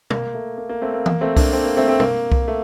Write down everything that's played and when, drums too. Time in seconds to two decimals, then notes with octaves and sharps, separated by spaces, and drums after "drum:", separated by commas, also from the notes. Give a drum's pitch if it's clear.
0.10 A#3, drum: tom
0.34 A3
0.58 A#3
0.69 A#3
0.82 A3 C4
0.94 A#3
1.06 A#3, drum: tom E3
1.21 A3 C4
1.37 A#3 D4, drum: kick C2, open hi-hat
1.53 A3 C4
1.64 A#3
1.77 A3 C4
1.88 A3 C4
2.00 A#3, drum: tom
2.32 drum: kick C2
2.48 A3